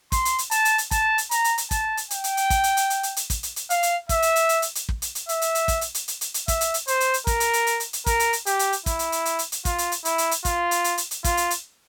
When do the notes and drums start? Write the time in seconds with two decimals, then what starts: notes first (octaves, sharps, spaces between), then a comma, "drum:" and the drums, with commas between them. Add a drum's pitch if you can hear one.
0.12 C6, drum: kick, hi-hat
0.25 drum: hi-hat
0.38 drum: hi-hat
0.51 A5, drum: hi-hat
0.65 drum: hi-hat
0.78 drum: hi-hat
0.91 A5, drum: kick, hi-hat
1.18 drum: hi-hat
1.31 A#5, drum: hi-hat
1.44 drum: hi-hat
1.58 drum: hi-hat
1.71 A5, drum: kick, hi-hat
1.97 drum: hi-hat
2.11 G5, drum: hi-hat
2.24 drum: hi-hat
2.37 drum: hi-hat
2.50 drum: kick, hi-hat
2.64 drum: hi-hat
2.77 drum: hi-hat
2.90 drum: hi-hat
3.03 drum: hi-hat
3.16 drum: hi-hat
3.30 drum: kick, hi-hat
3.43 drum: hi-hat
3.56 drum: hi-hat
3.70 F5, drum: hi-hat
3.83 drum: hi-hat
4.09 E5, drum: kick, hi-hat
4.22 drum: hi-hat
4.36 drum: hi-hat
4.49 drum: hi-hat
4.62 drum: hi-hat
4.75 drum: hi-hat
4.89 drum: kick
5.02 drum: hi-hat
5.15 drum: hi-hat
5.29 E5, drum: hi-hat
5.42 drum: hi-hat
5.55 drum: hi-hat
5.68 drum: kick, hi-hat
5.81 drum: hi-hat
5.94 drum: hi-hat
6.08 drum: hi-hat
6.21 drum: hi-hat
6.34 drum: hi-hat
6.48 E5, drum: kick, hi-hat
6.61 drum: hi-hat
6.74 drum: hi-hat
6.88 C5, drum: hi-hat
7.00 drum: hi-hat
7.14 drum: hi-hat
7.27 A#4, drum: kick, hi-hat
7.40 drum: hi-hat
7.53 drum: hi-hat
7.67 drum: hi-hat
7.80 drum: hi-hat
7.93 drum: hi-hat
8.06 A#4, drum: kick, hi-hat
8.20 drum: hi-hat
8.33 drum: hi-hat
8.46 G4, drum: hi-hat
8.59 drum: hi-hat
8.73 drum: hi-hat
8.86 E4, drum: kick, hi-hat
8.99 drum: hi-hat
9.12 drum: hi-hat
9.25 drum: hi-hat
9.39 drum: hi-hat
9.52 drum: hi-hat
9.65 F4, drum: kick, hi-hat
9.78 drum: hi-hat
9.92 drum: hi-hat
10.05 E4, drum: hi-hat
10.18 drum: hi-hat
10.31 drum: hi-hat
10.45 F4, drum: kick, hi-hat
10.71 drum: hi-hat
10.84 drum: hi-hat
10.98 drum: hi-hat
11.11 drum: hi-hat
11.24 F4, drum: kick, hi-hat
11.37 drum: hi-hat
11.51 drum: hi-hat